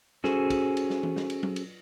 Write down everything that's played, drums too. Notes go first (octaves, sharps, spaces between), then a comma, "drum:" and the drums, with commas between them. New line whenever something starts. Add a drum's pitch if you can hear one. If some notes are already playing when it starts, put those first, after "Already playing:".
C#4 F#4 G#4 A4 C5, drum: snare
drum: kick, cymbal
drum: cymbal
drum: snare
drum: tom E3
drum: snare
drum: cymbal
drum: tom F#3
drum: cymbal